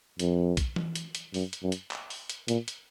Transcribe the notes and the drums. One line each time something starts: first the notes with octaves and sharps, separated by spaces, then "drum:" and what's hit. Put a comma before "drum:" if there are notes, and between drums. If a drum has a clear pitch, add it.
F2, drum: hi-hat
drum: kick B1, hi-hat
drum: tom E3
drum: hi-hat
drum: hi-hat
F#2, drum: open hi-hat
drum: hi-hat
F#2
drum: hi-hat
drum: clap
drum: open hi-hat
drum: hi-hat
A#2, drum: hi-hat
drum: hi-hat